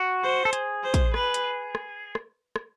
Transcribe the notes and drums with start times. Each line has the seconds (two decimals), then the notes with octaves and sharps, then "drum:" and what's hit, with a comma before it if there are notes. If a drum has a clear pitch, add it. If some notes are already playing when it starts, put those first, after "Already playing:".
Already playing: F#4
0.24 C5
0.45 A4
0.53 G#4, drum: hi-hat
0.83 C5
0.94 drum: kick, hi-hat
1.14 B4, drum: rim click
1.34 drum: hi-hat
1.75 drum: rim click
2.15 drum: rim click
2.56 drum: rim click